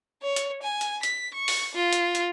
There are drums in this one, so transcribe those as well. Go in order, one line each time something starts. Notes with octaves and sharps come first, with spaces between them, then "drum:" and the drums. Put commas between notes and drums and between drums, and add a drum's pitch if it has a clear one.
C#5
drum: hi-hat
G#5
drum: hi-hat
B6, drum: hi-hat
C#6
drum: open hi-hat
F4
drum: hi-hat
drum: hi-hat